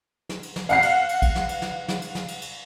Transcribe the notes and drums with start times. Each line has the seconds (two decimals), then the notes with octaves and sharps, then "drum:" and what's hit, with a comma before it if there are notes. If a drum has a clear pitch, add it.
0.29 drum: snare
0.43 drum: cymbal
0.56 drum: snare
0.69 F5 F#5 C7, drum: cymbal
0.82 drum: cymbal
1.09 drum: cymbal
1.22 drum: kick, cymbal
1.35 drum: snare
1.49 drum: cymbal
1.62 drum: snare
1.88 drum: snare
2.02 drum: cymbal
2.15 drum: snare
2.28 drum: cymbal
2.41 drum: cymbal